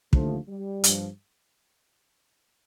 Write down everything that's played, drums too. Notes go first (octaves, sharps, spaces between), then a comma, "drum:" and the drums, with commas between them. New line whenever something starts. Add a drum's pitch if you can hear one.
D#2 D3 F3 A3, drum: kick
G3
G2 F3, drum: hi-hat